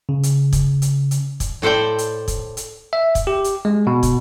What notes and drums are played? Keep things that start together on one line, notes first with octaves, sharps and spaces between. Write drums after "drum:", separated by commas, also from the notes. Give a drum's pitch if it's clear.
C#3
drum: hi-hat
drum: kick, hi-hat
drum: hi-hat
drum: hi-hat
drum: kick, hi-hat
A2 A4 C5 D5 G5
drum: hi-hat
drum: kick, hi-hat
drum: hi-hat
E5
drum: kick, hi-hat
G4
drum: hi-hat
G#3
B2
drum: kick, hi-hat